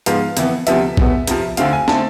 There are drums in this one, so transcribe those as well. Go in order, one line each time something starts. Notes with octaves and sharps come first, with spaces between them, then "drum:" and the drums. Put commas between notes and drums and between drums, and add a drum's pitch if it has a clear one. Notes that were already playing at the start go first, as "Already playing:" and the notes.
G#2 F3 B3 F5, drum: hi-hat
F2 E3 B3, drum: hi-hat
D2 C3 F3 B3 E5, drum: hi-hat
E2 B2 B3, drum: kick
F2 C3 F3, drum: hi-hat
D2 D3 A3 C4 F5, drum: hi-hat
G#5
D3 A3 C4 A5, drum: snare